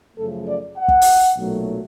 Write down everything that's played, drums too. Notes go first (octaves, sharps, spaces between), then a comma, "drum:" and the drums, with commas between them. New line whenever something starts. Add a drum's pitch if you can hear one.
F#2 C#3 F3 A3 A4
D5
F#5
drum: kick
drum: open hi-hat
B1 A#2 F#3 A3